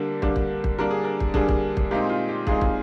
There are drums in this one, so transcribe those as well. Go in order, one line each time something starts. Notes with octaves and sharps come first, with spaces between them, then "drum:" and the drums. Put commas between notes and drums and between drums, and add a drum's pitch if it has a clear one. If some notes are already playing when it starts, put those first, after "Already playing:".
Already playing: D3 G3 A#3 D4 G4
D3 G3 A#3 D4, drum: kick
drum: kick
drum: kick
D3 G3 A#3 D4 A#4
G#4
A#4
drum: kick
D3 G3 A#3 D4 G#4, drum: kick
drum: kick
drum: kick
A#2 G#3 C4 D#4 G4
F4
G4
A#2 G#3 C4 D#4 G#4, drum: kick
drum: kick